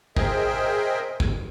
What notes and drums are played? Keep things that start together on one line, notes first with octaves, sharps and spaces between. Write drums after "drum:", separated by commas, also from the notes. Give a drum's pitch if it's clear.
G#4 A#4 C5 D#5 E5 G5, drum: kick
drum: kick